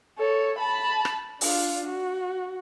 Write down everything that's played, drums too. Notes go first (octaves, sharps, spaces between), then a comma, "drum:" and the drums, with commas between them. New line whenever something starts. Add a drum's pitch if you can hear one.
A4 C#5
A5 B5
drum: rim click
D4 F4, drum: open hi-hat
F#4